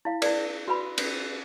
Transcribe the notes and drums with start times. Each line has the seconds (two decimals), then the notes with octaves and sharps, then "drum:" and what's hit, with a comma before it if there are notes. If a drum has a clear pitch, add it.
0.05 E4 F5
0.22 E4 D5, drum: cymbal
0.68 F#4 B4 B5
0.98 drum: cymbal